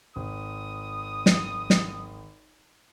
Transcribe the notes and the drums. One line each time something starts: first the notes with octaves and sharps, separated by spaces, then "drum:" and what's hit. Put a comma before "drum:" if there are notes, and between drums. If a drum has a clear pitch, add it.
G#1 D#6
drum: snare
drum: snare